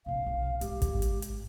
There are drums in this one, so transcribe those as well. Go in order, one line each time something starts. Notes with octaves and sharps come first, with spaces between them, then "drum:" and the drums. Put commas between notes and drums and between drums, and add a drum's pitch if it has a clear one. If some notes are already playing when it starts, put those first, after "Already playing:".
A#1 C3 F5
B1
G#2 G4, drum: hi-hat
drum: kick G1, hi-hat
drum: hi-hat
drum: hi-hat